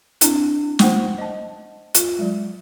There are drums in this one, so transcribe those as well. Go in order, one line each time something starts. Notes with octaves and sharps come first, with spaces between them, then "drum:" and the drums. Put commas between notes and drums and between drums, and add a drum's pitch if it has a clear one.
C4 D4 E4, drum: hi-hat
C5 F#5 G5, drum: snare
D#5 A5
F4, drum: hi-hat
F#3 G#3